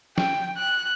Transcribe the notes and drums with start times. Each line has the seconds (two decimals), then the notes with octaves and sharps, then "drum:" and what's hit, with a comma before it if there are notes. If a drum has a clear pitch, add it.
0.18 G5, drum: snare
0.58 F#6